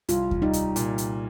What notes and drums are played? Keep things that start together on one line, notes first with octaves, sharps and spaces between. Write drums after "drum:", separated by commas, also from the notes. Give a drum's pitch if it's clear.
C2 F4, drum: hi-hat
drum: kick D#2
G3 D#4
drum: hi-hat
A#2, drum: hi-hat
drum: hi-hat